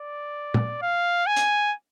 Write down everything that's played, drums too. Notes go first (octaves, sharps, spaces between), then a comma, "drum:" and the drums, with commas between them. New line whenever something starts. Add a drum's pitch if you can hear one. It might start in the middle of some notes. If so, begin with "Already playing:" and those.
Already playing: D5
drum: tom
F5
G#5
drum: hi-hat